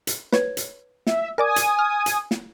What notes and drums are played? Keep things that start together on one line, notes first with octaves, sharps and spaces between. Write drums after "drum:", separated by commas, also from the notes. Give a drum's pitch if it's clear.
drum: hi-hat
B4 C#5 G#6, drum: snare
drum: hi-hat
E5, drum: snare
A#4 D5 G#5 D6 D#6
drum: hi-hat
F6
drum: hi-hat
drum: snare